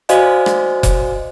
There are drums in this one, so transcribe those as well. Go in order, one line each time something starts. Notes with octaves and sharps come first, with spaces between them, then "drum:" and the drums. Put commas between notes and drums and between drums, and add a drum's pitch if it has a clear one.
F#4 C5 D5 D#5 F5 G#5, drum: hi-hat
drum: rim click
drum: kick F1, hi-hat